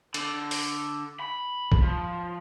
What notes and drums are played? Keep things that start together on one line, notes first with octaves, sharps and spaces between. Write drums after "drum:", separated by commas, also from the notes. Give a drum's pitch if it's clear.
D3, drum: cymbal
drum: open hi-hat
B5
drum: kick
F3